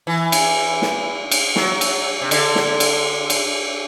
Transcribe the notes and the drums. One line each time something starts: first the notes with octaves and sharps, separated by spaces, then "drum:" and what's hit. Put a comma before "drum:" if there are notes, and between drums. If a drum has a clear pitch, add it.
E3
drum: cymbal
drum: snare
drum: cymbal
F#3, drum: snare
drum: cymbal
C3
D3, drum: cymbal
drum: snare
drum: cymbal
drum: cymbal